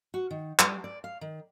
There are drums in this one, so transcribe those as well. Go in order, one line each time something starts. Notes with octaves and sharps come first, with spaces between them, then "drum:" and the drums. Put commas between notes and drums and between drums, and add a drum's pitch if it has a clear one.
F#4
D#3
G3, drum: clap
D5
F5
D#3